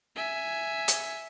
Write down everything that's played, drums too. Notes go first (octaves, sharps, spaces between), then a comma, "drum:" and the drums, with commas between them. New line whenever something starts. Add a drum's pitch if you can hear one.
E5 G#5
drum: hi-hat